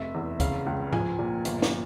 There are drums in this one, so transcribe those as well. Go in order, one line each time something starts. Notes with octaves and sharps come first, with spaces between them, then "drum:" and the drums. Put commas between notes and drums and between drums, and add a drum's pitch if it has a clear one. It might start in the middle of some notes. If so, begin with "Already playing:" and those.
Already playing: F1 E5
E2
C#3 F5, drum: kick, hi-hat
C#2
F3 G#5, drum: tom G#2
A#2
G1, drum: hi-hat
drum: snare